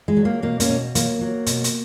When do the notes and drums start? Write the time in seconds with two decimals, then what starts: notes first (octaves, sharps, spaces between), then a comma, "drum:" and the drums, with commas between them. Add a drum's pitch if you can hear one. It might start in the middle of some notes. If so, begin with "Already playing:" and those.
0.08 G#3
0.17 F#3
0.25 A#3
0.42 B2 A#3
0.60 A#3 C#4, drum: hi-hat
0.69 B2
0.95 F#3 A#3, drum: hi-hat
1.21 F#3
1.46 B2, drum: hi-hat
1.64 drum: hi-hat